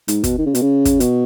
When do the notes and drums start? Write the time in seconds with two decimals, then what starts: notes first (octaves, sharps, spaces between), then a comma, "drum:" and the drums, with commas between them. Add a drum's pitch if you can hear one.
0.08 G#2, drum: hi-hat
0.24 B2, drum: kick, hi-hat
0.38 D#3
0.46 C#3
0.55 B2, drum: hi-hat
0.62 C#3
0.85 drum: kick, hi-hat
1.00 B2, drum: hi-hat